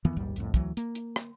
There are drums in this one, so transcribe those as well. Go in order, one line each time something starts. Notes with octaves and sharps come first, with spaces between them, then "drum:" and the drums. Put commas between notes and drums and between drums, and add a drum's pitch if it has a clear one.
F2 D#3 E3 B3
A#1 D#2 G#2 G3
C2 F2 A2, drum: hi-hat
D2 E3 F#3, drum: kick, hi-hat
A#3, drum: hi-hat
drum: hi-hat
drum: rim click